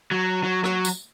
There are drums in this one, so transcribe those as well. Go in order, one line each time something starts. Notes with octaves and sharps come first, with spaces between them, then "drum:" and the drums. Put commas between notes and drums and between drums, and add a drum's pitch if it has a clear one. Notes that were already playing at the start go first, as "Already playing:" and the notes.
F#3
F#3
F#3, drum: rim click
drum: tambourine